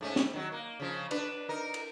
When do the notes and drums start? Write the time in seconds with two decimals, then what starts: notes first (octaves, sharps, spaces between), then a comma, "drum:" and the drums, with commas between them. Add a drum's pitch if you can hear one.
0.01 G#2 A3 C#4
0.16 drum: snare
0.33 D#3 F#3
0.52 A#3
0.80 C#3 F3
1.11 D4 B4, drum: cymbal
1.49 D#4 A#4
1.74 drum: cymbal